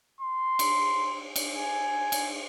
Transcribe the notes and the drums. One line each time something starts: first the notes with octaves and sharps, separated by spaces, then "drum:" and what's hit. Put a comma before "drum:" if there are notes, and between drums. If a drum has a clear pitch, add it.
C6
drum: cymbal
drum: cymbal
G#5
drum: cymbal